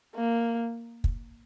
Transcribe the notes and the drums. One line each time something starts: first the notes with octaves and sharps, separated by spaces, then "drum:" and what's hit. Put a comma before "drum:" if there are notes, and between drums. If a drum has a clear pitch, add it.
A#3
drum: kick